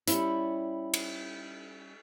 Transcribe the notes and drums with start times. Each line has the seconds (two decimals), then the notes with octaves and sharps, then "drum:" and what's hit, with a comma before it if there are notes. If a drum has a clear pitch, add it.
0.08 G3 C#4 E4, drum: hi-hat
0.94 drum: cymbal